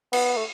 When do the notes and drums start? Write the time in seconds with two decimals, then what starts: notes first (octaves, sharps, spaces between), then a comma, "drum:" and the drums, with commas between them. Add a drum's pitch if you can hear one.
0.13 B3, drum: cymbal
0.37 A3